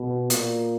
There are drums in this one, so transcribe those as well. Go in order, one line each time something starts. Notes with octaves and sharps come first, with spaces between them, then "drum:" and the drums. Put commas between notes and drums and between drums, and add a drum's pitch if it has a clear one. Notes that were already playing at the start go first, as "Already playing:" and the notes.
Already playing: B2
A#2, drum: hi-hat